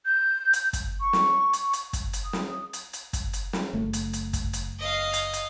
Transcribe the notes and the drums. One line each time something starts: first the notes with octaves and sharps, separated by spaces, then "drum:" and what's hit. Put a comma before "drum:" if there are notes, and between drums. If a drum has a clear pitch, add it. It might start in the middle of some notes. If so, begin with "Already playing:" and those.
G6
drum: hi-hat
drum: kick, hi-hat
C#6
drum: snare
drum: hi-hat
drum: hi-hat
drum: kick, hi-hat
drum: hi-hat
D#6
drum: snare
drum: hi-hat
drum: hi-hat
drum: kick, hi-hat
drum: hi-hat
drum: snare
F#1 A3
drum: hi-hat
drum: hi-hat
drum: kick, hi-hat
drum: hi-hat
D#5 F5
drum: hi-hat
drum: hi-hat